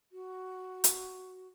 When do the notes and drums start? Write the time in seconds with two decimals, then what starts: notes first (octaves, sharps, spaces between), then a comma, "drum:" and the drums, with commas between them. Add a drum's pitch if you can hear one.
0.12 F#4
0.84 drum: hi-hat